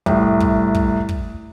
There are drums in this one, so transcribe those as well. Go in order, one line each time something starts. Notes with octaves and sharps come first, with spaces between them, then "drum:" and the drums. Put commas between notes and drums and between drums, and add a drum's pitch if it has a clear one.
C2 A2, drum: kick
drum: kick
drum: kick
drum: kick